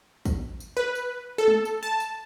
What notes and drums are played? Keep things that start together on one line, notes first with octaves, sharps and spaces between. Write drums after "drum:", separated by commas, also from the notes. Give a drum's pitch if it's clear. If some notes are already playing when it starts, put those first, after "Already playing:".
drum: kick, tambourine
drum: tambourine
B4
drum: tambourine
A4
drum: tom G#3
drum: tambourine
A5
drum: tambourine